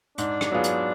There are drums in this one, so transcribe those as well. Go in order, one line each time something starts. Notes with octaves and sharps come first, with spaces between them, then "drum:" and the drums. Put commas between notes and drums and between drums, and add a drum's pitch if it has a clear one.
G#2 D4, drum: hi-hat
drum: rim click
F#3 B3 F4 G#4
drum: hi-hat